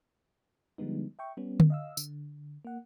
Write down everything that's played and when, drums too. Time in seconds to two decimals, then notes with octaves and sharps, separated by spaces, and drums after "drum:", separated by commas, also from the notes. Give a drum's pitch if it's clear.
0.78 D3 F3 G3 G#3 B3 D#4
1.19 E5 G5 C#6
1.37 G3 B3 C#4
1.60 drum: tom D3
1.70 D#5 F5 E6
1.97 D3, drum: tambourine
2.65 A#3 F#5